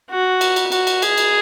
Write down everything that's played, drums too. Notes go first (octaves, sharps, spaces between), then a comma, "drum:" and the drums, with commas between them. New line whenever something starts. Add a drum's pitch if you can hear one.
F#4
drum: cymbal
drum: cymbal
F#4, drum: cymbal
drum: cymbal
G#4, drum: cymbal
drum: cymbal